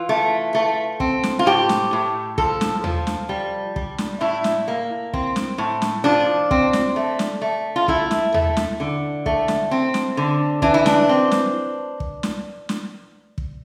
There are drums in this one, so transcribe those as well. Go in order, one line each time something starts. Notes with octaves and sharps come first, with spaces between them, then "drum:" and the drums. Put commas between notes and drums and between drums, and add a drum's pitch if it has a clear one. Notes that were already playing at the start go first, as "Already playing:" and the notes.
Already playing: E3 F4
A3
A3
C4, drum: kick
drum: snare
F4
A2 G4
drum: snare
A2
F3 A4, drum: kick
drum: snare
F3, drum: tom D#2
drum: snare
G3
G3, drum: kick
drum: snare
A2 E4
drum: snare
A#3
C4, drum: kick
drum: snare
A2
drum: snare
F3 D4
C4, drum: kick
drum: snare
A3
drum: snare
A3
F4
A3 E4, drum: kick
drum: snare
A3, drum: tom D#2
drum: snare
D3
A3, drum: kick
drum: snare
C4
drum: snare
D3
E3 D4, drum: kick
E4
D4, drum: snare
C4
drum: snare
drum: kick
drum: snare
drum: snare
drum: kick